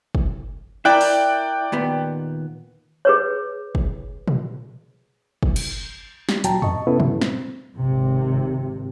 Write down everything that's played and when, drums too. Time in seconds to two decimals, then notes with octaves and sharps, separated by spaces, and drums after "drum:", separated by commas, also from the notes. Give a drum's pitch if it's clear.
0.15 drum: kick
0.85 E4 A#4 D5 G5 F#6
1.01 drum: open hi-hat
1.72 D#2 A#2 B3
3.05 G#4 B4 C#5
3.75 drum: kick
4.28 drum: tom A#2
5.43 drum: kick
5.56 drum: cymbal
6.29 G3, drum: snare
6.44 D2 A#2 F#3 G5 A5 A#5, drum: hi-hat
6.62 D#5 A5 C#6, drum: tom E2
6.87 C3 B3 C#4 E4 A4 B4
7.00 G2 A#2 A3, drum: tom A#2
7.21 C4, drum: snare
7.77 G#1 C3